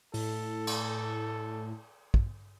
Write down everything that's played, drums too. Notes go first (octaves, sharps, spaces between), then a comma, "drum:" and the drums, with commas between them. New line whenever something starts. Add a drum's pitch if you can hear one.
A2 A4, drum: open hi-hat
drum: cymbal
drum: kick